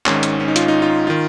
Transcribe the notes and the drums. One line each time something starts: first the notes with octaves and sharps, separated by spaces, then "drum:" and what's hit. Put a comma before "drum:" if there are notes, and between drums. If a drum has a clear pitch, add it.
G#1 G#2 D#3 C#4, drum: clap
drum: hi-hat
C#4
D#4
F4, drum: hi-hat
D#4
F4
D#3 F4